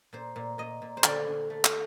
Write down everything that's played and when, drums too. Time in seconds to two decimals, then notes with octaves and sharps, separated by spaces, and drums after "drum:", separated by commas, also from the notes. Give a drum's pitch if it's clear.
0.13 A#2 C5
0.36 A#2
0.58 A#2 D#5
0.82 A#2
0.97 C5
1.04 D3 D5, drum: clap
1.27 D3
1.50 A3
1.65 drum: clap